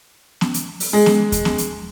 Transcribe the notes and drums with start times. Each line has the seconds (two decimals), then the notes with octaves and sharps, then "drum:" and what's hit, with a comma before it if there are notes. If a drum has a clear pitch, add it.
0.41 drum: snare B3
0.54 drum: hi-hat
0.80 drum: open hi-hat
0.93 G#3
1.06 drum: snare B3
1.32 drum: kick D#2, hi-hat
1.45 drum: snare B3
1.58 drum: hi-hat